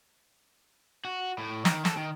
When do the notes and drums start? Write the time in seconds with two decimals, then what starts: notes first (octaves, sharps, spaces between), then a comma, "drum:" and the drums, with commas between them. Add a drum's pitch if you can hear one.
1.05 F#4
1.38 A2
1.65 D#3, drum: snare
1.85 A4, drum: snare
1.97 D#3